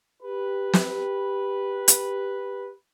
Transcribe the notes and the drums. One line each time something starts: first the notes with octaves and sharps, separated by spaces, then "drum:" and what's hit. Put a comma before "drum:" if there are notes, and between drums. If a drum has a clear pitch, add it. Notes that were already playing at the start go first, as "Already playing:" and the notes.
G4 B4
drum: snare
drum: hi-hat